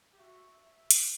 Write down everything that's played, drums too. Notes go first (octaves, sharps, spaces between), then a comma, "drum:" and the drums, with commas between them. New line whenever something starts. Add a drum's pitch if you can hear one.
G4
F#4 E5
E5
drum: hi-hat